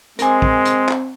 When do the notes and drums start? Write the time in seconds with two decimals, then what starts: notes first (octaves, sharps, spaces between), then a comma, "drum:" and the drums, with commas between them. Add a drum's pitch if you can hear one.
0.19 G#3 C4 A#4 G#5, drum: hi-hat
0.42 drum: kick
0.65 drum: hi-hat
0.89 drum: clap